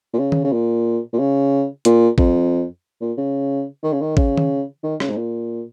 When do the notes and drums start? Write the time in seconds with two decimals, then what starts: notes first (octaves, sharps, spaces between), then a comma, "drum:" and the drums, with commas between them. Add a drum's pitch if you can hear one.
0.14 A#2
0.19 C#3
0.32 drum: tom D#3
0.44 C#3
0.52 A#2
1.13 A#2
1.19 C#3
1.85 A#2, drum: hi-hat
2.18 F2, drum: kick G#1
3.01 A#2
3.18 C#3
3.83 D#3
3.92 C#3
4.01 D#3
4.17 C#3, drum: kick G#1
4.38 drum: tom D#3
4.83 D#3
5.00 C#3, drum: rim click
5.10 G#2
5.17 A#2